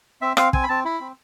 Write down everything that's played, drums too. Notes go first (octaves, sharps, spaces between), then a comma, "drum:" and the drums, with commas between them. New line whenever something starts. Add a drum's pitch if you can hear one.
C4 E5
C4 F5, drum: rim click
C4 G#5, drum: kick
B5
C4 A5
E4 B5
C4